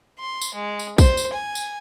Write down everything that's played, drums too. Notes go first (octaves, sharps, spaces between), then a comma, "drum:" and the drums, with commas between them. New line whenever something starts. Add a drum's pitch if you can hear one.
C6
drum: tambourine
G#3
drum: tambourine
C5, drum: kick, tambourine
drum: tambourine
G#5
drum: tambourine